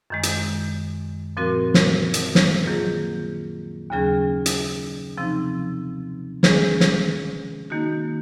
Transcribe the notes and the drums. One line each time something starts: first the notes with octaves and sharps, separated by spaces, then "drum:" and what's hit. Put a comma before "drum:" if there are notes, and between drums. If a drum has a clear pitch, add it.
F#2 D#3 G#3
drum: hi-hat
A#2 F3 C4 F#4 A#4
drum: snare
drum: hi-hat
drum: snare
D#3 F#3 A#3 F4 G#4
D#2 C#3 F#3 C#4 G#4
drum: hi-hat
C3 F3 C4 D#4
D#3 G#3 C#4 G#4, drum: snare
drum: snare
D#3 A#3 D#4 F#4